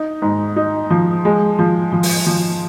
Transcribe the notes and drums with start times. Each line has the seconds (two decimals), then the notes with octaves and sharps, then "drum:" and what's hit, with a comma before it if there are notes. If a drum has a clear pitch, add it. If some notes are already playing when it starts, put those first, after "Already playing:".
Already playing: D#4
0.22 G#2
0.56 D#4
0.90 F3
1.25 G#3
1.59 F3
1.92 F3
2.03 drum: open hi-hat
2.26 F3